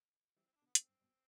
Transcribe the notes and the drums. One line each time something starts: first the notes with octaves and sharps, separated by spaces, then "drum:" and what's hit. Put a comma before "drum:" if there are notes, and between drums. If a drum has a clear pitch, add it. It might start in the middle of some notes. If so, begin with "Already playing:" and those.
E3 G3 C4
C4
E4
D4
B2 D3
B3
B2 D3 C4, drum: hi-hat
G2
G2 B2